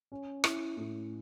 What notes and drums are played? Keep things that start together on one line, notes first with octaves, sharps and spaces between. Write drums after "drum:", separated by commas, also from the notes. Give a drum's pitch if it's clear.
C#4
E4, drum: rim click
A2